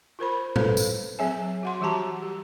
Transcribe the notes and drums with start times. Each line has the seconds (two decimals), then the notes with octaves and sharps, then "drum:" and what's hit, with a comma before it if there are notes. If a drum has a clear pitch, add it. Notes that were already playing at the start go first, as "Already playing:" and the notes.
0.19 F4 A#4 C5 B5
0.56 A4 B4 C5 F5, drum: tom A2
0.77 drum: tambourine
1.19 F#3 C4 G#4 C#5 E5 G#5
1.63 F#4 F#5 C6
1.81 E3 G3 F#4 G4 A5 A#5
2.22 G4